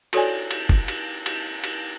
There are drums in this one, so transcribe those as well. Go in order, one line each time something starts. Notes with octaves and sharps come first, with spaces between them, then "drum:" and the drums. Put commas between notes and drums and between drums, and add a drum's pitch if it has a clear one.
F#4 A4 C#5 D5 G#5, drum: cymbal
drum: cymbal
drum: kick
drum: cymbal
drum: cymbal
drum: cymbal